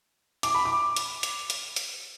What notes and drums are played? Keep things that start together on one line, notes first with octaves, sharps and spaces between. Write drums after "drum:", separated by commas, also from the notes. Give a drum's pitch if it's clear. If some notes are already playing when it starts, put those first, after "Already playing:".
D6, drum: hi-hat
B5
D6
drum: hi-hat
drum: hi-hat
drum: hi-hat
drum: hi-hat